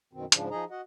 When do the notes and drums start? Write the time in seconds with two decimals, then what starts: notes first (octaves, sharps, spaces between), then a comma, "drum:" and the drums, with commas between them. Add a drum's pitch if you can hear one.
0.13 F#2 B2 D#3 C4
0.32 G#2 C#3 F3 D4, drum: hi-hat
0.51 F3 D#4 G#4 D#5 A#5
0.71 F#4 D#5 F#5